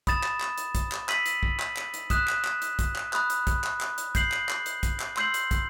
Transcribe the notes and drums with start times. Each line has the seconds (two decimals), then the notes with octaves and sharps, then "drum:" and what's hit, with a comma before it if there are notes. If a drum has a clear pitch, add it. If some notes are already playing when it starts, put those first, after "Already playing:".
0.07 B5 D#6 A6 E7, drum: kick, hi-hat
0.24 drum: clap
0.41 drum: clap
0.58 drum: hi-hat
0.75 drum: kick, hi-hat
0.92 drum: clap
1.09 E6 B6 D#7 F#7, drum: clap
1.26 drum: hi-hat
1.43 drum: kick
1.60 drum: clap
1.77 drum: clap
1.94 drum: hi-hat
2.10 D#6 F#6 B6 E7, drum: kick, hi-hat
2.28 drum: clap
2.45 drum: clap
2.62 drum: hi-hat
2.79 drum: kick, hi-hat
2.96 drum: clap
3.13 B5 D#6 F#6, drum: clap
3.30 drum: hi-hat
3.47 drum: kick, hi-hat
3.64 drum: clap
3.81 drum: clap
3.98 drum: hi-hat
4.15 G6 C7 F#7, drum: kick, hi-hat
4.32 drum: clap
4.49 drum: clap
4.66 drum: hi-hat
4.83 drum: kick, hi-hat
5.00 drum: clap
5.17 C6 E6 G6 C7 F#7, drum: clap
5.34 drum: hi-hat
5.51 drum: kick, hi-hat